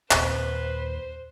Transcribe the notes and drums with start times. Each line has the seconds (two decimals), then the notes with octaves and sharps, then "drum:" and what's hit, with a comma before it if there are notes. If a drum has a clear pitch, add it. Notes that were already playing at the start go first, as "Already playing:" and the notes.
0.11 D#2 A#2 C4 B4 C5, drum: clap